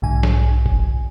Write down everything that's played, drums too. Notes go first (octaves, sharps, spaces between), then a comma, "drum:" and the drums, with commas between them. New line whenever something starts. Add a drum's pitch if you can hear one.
B1 G#2 D3 G#5
drum: snare
drum: kick F#1